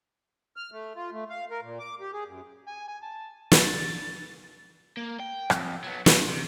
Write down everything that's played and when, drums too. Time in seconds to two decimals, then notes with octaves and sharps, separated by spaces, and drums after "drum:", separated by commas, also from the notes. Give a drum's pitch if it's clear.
0.56 F6
0.72 A3
0.96 F4
1.12 A3
1.30 F5
1.51 A#4
1.62 A#2
1.79 D6
2.01 G4
2.13 G#4
2.27 F#2
2.67 G#5
2.88 G#5
3.02 A5
3.52 A6, drum: snare
4.97 A#3
5.20 G5
5.50 F2, drum: rim click
5.84 F#3 B3
6.06 C3, drum: snare
6.26 C3